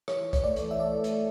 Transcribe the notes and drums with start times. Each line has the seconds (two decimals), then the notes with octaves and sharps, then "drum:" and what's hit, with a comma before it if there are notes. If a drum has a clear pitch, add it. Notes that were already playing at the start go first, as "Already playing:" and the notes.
0.08 E3 C#5, drum: rim click
0.33 C#5, drum: kick C2, hi-hat
0.44 A3 D5
0.56 drum: hi-hat
0.71 E5
0.79 A4 D5
1.04 drum: hi-hat